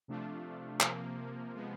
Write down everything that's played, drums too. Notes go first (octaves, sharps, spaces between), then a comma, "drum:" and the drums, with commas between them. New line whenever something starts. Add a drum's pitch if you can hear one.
C3 F3 A3 D4 F4
C3 F3 A#3, drum: clap
C3 F3 G#3 B3